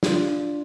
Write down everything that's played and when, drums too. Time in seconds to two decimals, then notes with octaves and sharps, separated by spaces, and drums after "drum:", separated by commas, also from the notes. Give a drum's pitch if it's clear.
0.03 D4 F4, drum: snare